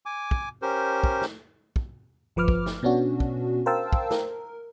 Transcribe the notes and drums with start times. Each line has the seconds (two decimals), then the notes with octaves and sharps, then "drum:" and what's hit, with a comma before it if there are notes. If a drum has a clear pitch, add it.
0.06 G#5 D6
0.31 drum: kick
0.62 C#4 G4 A#4 C5
1.04 drum: kick
1.22 drum: snare
1.76 drum: kick
2.36 G1 F3 B4 D6 F6
2.48 drum: kick
2.66 drum: snare
2.83 B2 B3 C#4 D4 F#4
3.20 drum: kick
3.66 A#4 C5 F5 G5 A5 E6
3.93 drum: kick
4.11 A#4, drum: snare